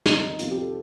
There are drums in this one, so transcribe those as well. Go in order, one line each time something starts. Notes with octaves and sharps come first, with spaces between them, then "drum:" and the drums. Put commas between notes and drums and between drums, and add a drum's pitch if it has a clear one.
C2 C3 D#3 D#4, drum: snare
F2 C3 F3 F4, drum: hi-hat
G4
A4